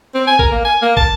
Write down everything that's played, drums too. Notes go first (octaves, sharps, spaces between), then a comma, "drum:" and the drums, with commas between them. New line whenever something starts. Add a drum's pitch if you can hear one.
C4
G#5
A#4, drum: kick
A#3
G#5
A#3
A5, drum: kick